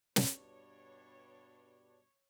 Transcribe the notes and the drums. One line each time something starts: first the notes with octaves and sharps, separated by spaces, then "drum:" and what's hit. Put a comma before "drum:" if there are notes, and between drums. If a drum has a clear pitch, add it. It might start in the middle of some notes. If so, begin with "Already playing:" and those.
G2 B2 D4 C#5, drum: snare